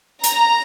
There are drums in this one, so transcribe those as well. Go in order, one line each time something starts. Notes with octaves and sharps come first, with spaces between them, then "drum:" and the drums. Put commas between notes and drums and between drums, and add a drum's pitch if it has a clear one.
A#5, drum: hi-hat